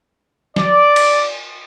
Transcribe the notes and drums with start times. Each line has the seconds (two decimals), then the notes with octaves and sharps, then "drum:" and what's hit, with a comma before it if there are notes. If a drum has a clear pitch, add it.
0.56 D5, drum: snare
0.96 drum: cymbal